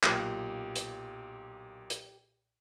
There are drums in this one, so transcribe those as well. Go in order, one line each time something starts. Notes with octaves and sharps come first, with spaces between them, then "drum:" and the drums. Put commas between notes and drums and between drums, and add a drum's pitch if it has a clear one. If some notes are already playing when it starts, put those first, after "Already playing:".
B1 A#2 G4, drum: clap
drum: hi-hat
drum: hi-hat